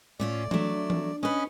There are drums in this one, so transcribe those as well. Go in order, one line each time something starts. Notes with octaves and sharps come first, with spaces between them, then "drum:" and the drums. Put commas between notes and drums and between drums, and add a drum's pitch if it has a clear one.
A2 A3 C#4 F4 D5
F#3 A3 D4, drum: tom E3
drum: tom E3
C#4 B4 D#5 G#5